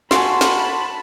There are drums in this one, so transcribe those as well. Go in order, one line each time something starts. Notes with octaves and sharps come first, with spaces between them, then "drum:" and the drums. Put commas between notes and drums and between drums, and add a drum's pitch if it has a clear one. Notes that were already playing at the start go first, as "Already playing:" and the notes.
F#4 F#5 G#5 A5 B5 C6, drum: snare
drum: snare